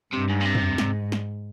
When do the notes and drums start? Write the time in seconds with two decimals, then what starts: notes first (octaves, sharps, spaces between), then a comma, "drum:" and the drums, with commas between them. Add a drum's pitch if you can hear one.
0.13 G2 C3
0.30 G#2
0.41 A#2
0.45 C3
0.55 drum: tom
0.78 G#2, drum: snare
1.12 drum: snare